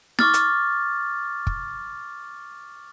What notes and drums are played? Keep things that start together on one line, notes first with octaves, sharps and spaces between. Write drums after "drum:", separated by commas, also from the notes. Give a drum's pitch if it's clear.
C#6 D6 F6 A6, drum: snare
drum: hi-hat
drum: kick